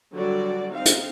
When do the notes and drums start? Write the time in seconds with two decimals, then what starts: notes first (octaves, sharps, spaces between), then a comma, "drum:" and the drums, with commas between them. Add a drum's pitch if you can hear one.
0.13 D3 F#3 G3 F#4 D5
0.72 C4 D#4 F5
0.86 drum: hi-hat